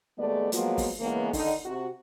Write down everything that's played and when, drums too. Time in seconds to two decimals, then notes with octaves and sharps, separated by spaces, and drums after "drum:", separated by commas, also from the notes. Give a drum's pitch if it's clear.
0.18 D#2 G#3 A3 B3 G#4 D5
0.52 F3 F#3 G#3 A#3 B3 F4, drum: hi-hat
0.78 drum: kick, open hi-hat
1.00 C#3 E3 G#3 A#3 B3 C#4
1.33 D3 D#3 D#4, drum: kick, open hi-hat
1.65 C3 F#4